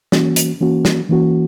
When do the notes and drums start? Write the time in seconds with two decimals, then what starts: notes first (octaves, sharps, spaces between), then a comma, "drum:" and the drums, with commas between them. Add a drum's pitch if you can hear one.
0.12 E3 A#3 C#4 F#4, drum: snare
0.36 drum: hi-hat
0.61 E3 A#3 C#4 F#4
0.85 drum: snare
1.09 E3 A#3 C#4 F#4